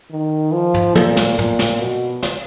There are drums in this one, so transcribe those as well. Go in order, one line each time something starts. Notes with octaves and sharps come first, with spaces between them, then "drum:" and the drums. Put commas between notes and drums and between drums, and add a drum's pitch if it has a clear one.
D#3
F3
drum: tom
A#2, drum: tom
drum: snare
A#2, drum: tom
drum: snare
B2
drum: snare